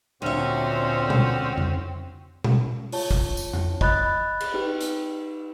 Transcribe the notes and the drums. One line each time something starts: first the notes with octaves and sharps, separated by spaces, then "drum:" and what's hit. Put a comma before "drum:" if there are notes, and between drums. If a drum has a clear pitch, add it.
D2 A#2 D3 C4 C#4 F#4 E5
drum: tom B2
drum: tom F2
drum: tom B2
F4 C#5 A5, drum: open hi-hat
drum: kick
drum: tambourine
drum: tom F2
D#5 B5 F#6 A6, drum: kick
drum: cymbal
D#4 G4 B4 G5
drum: hi-hat